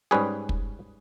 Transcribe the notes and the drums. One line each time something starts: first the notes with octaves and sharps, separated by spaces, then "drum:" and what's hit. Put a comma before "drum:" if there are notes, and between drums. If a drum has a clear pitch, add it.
G#2 G3 C#4 G#4 B4
drum: kick